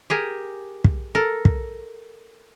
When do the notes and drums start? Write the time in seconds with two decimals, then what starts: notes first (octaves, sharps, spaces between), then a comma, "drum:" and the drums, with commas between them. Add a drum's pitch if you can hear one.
0.10 G4 G#4 A#4
0.84 drum: kick
1.15 A4 A#4
1.45 drum: kick